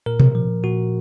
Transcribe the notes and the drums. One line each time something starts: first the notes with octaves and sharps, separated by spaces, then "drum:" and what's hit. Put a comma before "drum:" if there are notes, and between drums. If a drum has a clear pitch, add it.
A#2 A#4
drum: tom B2
F3
A#2 F#4